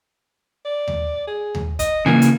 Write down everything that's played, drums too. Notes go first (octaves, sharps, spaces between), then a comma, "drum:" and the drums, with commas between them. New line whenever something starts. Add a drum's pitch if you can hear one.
D5
drum: tom D#2
G#4
drum: tom D#2
D#5, drum: kick, hi-hat
C#3 E3 A#3 G#5
drum: hi-hat